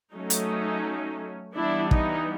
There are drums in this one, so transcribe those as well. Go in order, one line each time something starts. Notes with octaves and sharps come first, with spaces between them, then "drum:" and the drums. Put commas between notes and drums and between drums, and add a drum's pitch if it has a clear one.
F#3 A3 C#4 D#4
drum: hi-hat
E3 G3 B3 D4 E4
D#4, drum: kick